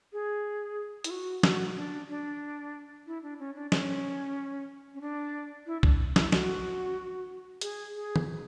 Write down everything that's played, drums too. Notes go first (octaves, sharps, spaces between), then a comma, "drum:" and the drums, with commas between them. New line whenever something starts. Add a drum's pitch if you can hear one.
G#4
E4, drum: hi-hat
F#4
F#4, drum: snare
D4
D4
E4
D4
C#4
D4
C#4, drum: snare
C#4
D4
E4
D4, drum: kick B1
E4, drum: snare
F#4, drum: snare
G#4, drum: hi-hat
G#4
drum: tom D#3